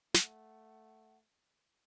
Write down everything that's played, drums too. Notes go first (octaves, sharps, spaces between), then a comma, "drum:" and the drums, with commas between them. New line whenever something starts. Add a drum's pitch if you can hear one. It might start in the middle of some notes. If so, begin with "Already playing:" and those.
A3 F#5, drum: snare